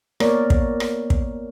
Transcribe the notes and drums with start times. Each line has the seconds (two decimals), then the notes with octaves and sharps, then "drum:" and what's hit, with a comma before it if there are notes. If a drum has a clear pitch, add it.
0.20 A#3 B3 A#4 C#5 D5, drum: rim click
0.50 drum: kick
0.80 drum: rim click
1.10 drum: kick